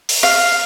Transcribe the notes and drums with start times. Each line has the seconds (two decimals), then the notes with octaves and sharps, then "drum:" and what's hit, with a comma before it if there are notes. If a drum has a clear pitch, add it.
0.09 drum: open hi-hat
0.23 F5